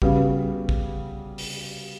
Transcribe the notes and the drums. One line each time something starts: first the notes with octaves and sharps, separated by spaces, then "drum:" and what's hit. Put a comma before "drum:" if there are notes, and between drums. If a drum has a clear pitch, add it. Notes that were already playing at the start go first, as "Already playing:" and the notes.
C#3 G3 B3 F#4, drum: kick
drum: kick
drum: open hi-hat